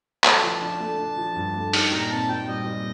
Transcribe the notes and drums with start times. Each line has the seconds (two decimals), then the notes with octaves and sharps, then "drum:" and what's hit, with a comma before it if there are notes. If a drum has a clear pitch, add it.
0.24 A3 A5, drum: clap
0.44 F3
0.62 D4
0.80 A3
0.99 D4
1.17 F3
1.36 G2
1.55 A3
1.73 D#4 G5, drum: open hi-hat
1.92 A#2 A#5
2.10 C4 A5
2.29 A#2 G5
2.48 G3 D#5
2.66 A#2